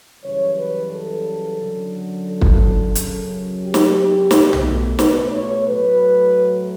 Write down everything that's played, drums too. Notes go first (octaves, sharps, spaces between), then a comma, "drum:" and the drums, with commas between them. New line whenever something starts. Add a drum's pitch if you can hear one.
F#2 C#3 E3 G3 C#5
B4
A4
F#2 D3 F#3
A4
drum: kick
F#2 C#3 F#3, drum: hi-hat
G4
drum: snare
B2 A3, drum: snare
drum: tom
B4, drum: snare
C#5
A2 F#3 A3 B4